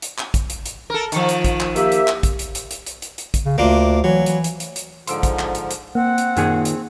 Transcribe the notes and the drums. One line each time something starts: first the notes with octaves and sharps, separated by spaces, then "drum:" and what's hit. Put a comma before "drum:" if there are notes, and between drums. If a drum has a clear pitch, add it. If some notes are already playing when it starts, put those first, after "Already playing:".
drum: hi-hat
drum: clap
drum: kick, hi-hat
drum: hi-hat
drum: hi-hat
A4 A#4
D#3 F3, drum: hi-hat
drum: hi-hat
drum: kick, hi-hat
drum: clap
A#3 G4 E5, drum: hi-hat
drum: hi-hat
drum: clap
drum: kick, hi-hat
drum: hi-hat
drum: hi-hat
drum: hi-hat
drum: hi-hat
drum: hi-hat
drum: hi-hat
drum: kick, hi-hat
C#3
D2 A#3 D4 F4
E3 F#3
E3, drum: hi-hat
drum: hi-hat
drum: hi-hat
drum: hi-hat
G#2 D3 F3 C6 E6 D7, drum: hi-hat
drum: kick, hi-hat
drum: clap
drum: hi-hat
drum: hi-hat
A#3 C4 F#5
drum: hi-hat
F#2 A#2 D#3 G#4, drum: hi-hat
drum: hi-hat